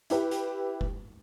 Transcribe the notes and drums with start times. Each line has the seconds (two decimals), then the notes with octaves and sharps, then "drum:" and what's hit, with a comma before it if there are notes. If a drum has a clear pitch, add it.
0.10 E4 G4 B4, drum: hi-hat
0.31 drum: hi-hat
0.81 drum: kick F1